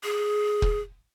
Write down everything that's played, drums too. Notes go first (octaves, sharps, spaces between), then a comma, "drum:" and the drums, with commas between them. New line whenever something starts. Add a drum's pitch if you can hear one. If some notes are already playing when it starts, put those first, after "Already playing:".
G#4
drum: kick